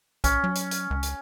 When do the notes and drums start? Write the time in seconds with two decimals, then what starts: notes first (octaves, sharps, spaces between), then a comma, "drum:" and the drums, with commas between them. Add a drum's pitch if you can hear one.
0.24 A1 C#4, drum: kick B1, hi-hat
0.44 F#3
0.55 drum: hi-hat
0.71 drum: hi-hat
0.90 C#2
1.03 drum: hi-hat